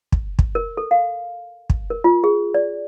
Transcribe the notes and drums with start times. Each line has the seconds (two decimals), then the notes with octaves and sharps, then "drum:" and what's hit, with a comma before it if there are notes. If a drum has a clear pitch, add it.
0.12 drum: kick
0.39 drum: kick
0.55 A#4
0.77 A4
0.91 F5
1.70 drum: kick
1.90 A#4
2.04 F4
2.24 G#4
2.54 D5